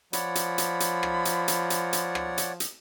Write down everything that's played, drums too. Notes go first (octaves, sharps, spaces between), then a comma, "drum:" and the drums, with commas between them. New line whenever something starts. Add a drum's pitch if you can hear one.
F3 C#5 D5 F#5 B5, drum: hi-hat
drum: hi-hat
drum: hi-hat
drum: hi-hat
drum: rim click
drum: hi-hat
drum: hi-hat
drum: hi-hat
drum: hi-hat
drum: rim click
drum: hi-hat
drum: hi-hat